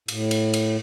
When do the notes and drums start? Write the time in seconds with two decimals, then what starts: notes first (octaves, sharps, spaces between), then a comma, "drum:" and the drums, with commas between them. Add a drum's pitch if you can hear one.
0.08 A2, drum: cymbal
0.31 drum: cymbal
0.54 drum: cymbal